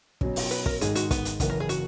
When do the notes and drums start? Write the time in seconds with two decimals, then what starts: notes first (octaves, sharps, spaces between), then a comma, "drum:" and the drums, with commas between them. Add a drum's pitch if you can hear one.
0.21 B2 F#3 C#4, drum: kick
0.36 drum: open hi-hat
0.51 B4, drum: hi-hat
0.66 A#4, drum: kick
0.81 G#2 D#3 G#3 G#4, drum: hi-hat
0.95 F#4, drum: hi-hat
1.11 B3, drum: kick, hi-hat
1.25 drum: hi-hat
1.40 F#1 F#2 E3 A#3 B3, drum: kick, hi-hat
1.50 A#4
1.60 G#4
1.69 F#4, drum: hi-hat